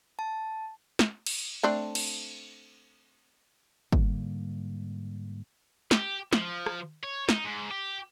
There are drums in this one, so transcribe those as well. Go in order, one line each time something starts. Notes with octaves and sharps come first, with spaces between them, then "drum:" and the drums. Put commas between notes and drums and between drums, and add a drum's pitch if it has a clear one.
A5
drum: snare
drum: cymbal
A3 C4 D4
drum: cymbal
G#2 D3 G3 A#3, drum: kick
G4, drum: snare
F3, drum: snare
drum: rim click
C#5
D#4, drum: snare
G#2
G4